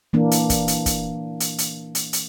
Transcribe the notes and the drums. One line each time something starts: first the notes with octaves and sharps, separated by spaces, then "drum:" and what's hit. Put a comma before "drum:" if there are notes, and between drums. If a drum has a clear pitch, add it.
E3 A#3 D4
drum: hi-hat
drum: kick, hi-hat
drum: hi-hat
drum: kick, hi-hat
drum: hi-hat
drum: hi-hat
drum: hi-hat
drum: hi-hat